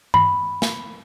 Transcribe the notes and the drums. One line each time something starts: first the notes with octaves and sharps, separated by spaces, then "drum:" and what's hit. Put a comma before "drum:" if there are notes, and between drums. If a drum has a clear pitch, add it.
B5, drum: tom G2
drum: snare